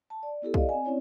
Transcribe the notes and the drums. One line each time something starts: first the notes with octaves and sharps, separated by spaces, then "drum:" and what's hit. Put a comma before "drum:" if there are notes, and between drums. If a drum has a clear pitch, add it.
A5
D5
B3 E4 G4 A4
D5 D#5 F5, drum: kick
C4 G#5
C4 C#4 E4 C#5 D5